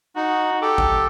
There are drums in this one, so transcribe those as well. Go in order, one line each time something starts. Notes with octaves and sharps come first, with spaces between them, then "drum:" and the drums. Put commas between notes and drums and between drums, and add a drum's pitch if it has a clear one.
D#4 F#4
G4 A4
drum: kick A1